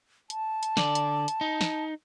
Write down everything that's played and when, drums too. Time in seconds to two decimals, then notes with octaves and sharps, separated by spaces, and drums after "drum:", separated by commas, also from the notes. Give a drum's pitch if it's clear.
0.30 A5, drum: hi-hat
0.63 drum: hi-hat
0.77 D3 D5, drum: snare
0.95 drum: hi-hat
1.28 drum: hi-hat
1.41 D#4
1.61 drum: snare